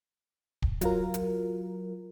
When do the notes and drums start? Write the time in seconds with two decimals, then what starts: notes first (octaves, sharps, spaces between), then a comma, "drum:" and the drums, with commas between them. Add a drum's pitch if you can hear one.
0.62 drum: kick
0.81 F#3 F4 A#4, drum: hi-hat
1.14 drum: hi-hat